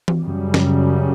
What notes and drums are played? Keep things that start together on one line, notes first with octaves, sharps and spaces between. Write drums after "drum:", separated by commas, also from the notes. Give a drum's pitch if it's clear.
drum: tom E3
F#2 C#3 G3
drum: snare